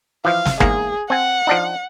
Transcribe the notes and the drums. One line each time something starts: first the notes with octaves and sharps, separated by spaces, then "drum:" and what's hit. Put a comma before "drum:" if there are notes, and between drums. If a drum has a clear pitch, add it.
E3 F3 F5
drum: snare
E2 G#2 A#3 G#4, drum: kick
C4 F#5 G#5
F3 D4 D#4